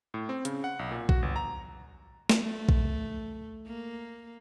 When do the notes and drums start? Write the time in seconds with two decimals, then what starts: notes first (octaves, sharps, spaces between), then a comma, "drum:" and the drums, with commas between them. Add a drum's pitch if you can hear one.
0.14 A2
0.29 C4
0.45 C#3, drum: hi-hat
0.64 F#5
0.79 B1
0.91 A#2
1.09 F#4, drum: kick
1.22 G1
1.36 A#5
2.29 drum: snare
2.41 A3
2.69 drum: kick
3.67 A#3